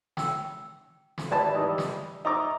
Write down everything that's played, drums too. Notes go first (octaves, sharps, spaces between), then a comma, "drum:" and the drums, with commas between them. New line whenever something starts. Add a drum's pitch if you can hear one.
G5 E6, drum: snare
drum: snare
G#1 G4 B4 D5 E5 A5
E3 G3 D#4
drum: snare
D#4 D#5 E5 A#5 D6